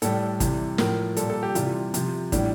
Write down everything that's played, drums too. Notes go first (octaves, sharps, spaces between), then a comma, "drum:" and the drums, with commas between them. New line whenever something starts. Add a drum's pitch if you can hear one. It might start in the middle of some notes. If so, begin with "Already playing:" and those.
A2 G3 A4, drum: hi-hat
C3 E3 G3, drum: kick, hi-hat
A2 F3 A#4, drum: snare
A#2 G3 A4, drum: hi-hat
A4
G4
C3 E3 G3 F4, drum: hi-hat
C3 F3, drum: hi-hat
A2 E3 G3 D4, drum: kick, hi-hat